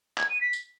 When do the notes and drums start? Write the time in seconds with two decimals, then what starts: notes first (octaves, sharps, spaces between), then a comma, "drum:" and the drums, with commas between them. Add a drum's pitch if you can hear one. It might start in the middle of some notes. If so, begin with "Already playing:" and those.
0.18 G#6, drum: clap
0.29 D#7
0.41 B6
0.53 drum: tambourine